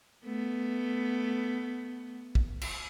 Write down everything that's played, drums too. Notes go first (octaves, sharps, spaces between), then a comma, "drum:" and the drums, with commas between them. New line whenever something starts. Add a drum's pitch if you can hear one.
A3 B3
drum: kick
drum: cymbal